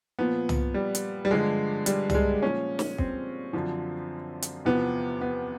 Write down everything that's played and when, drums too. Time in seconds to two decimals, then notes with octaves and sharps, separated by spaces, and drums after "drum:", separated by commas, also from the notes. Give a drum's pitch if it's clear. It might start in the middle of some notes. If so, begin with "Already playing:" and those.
0.19 A#2 F3 B3
0.49 drum: tom
0.74 G3
0.95 drum: hi-hat
1.25 G3
1.31 G2 D3 F3 G#3
1.86 G3, drum: hi-hat
2.10 G3, drum: tom
2.15 G#3
2.42 A#2 F3 C#4
2.79 drum: snare
2.98 C4, drum: kick
3.53 F#2 D3 F3
4.42 drum: hi-hat
4.65 E2 C3 F3 B3
5.21 B3